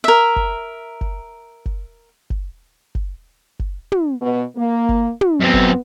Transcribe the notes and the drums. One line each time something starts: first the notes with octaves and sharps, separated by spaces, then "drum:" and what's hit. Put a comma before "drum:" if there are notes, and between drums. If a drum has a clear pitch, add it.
A#4 E5
drum: kick F#1
drum: kick F#1
drum: kick F#1
drum: kick F#1
drum: kick F#1
drum: kick F#1
drum: tom
B2
A#3
drum: kick F#1
drum: tom
F#2 B3 C4
drum: kick F#1